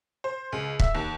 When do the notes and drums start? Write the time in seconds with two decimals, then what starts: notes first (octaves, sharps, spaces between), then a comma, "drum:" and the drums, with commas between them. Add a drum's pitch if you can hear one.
0.24 C5
0.52 C#2
0.80 E5, drum: kick C#1
0.95 D#2